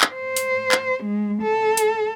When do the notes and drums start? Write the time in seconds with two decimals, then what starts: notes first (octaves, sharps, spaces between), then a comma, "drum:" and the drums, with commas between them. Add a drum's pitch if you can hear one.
0.01 drum: clap
0.14 C5
0.37 drum: hi-hat
0.72 drum: clap
1.03 G#3
1.42 A4
1.77 drum: hi-hat